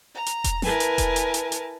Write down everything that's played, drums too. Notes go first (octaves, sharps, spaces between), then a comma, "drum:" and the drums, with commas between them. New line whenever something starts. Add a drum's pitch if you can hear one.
A#5
drum: hi-hat
drum: kick E1, hi-hat
E4 A#4 B4 G#5 A5, drum: snare
drum: hi-hat
drum: kick E1, hi-hat
drum: hi-hat
drum: hi-hat
drum: hi-hat